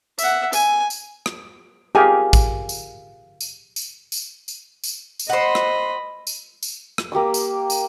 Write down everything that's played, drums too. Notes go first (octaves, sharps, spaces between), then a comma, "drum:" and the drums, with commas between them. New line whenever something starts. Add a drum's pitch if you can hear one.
E5 F#5, drum: tambourine
G#5, drum: tambourine
drum: tambourine
drum: rim click
F4 G4 G#4 A#4 G#5
drum: kick, tambourine
drum: tambourine
drum: tambourine
drum: tambourine
drum: tambourine
drum: tambourine
drum: tambourine
drum: tambourine
C5 D#5 F#5 B5
drum: rim click
drum: tambourine
drum: tambourine
drum: rim click
A#3 G4 D6 D#6
drum: tambourine
drum: tambourine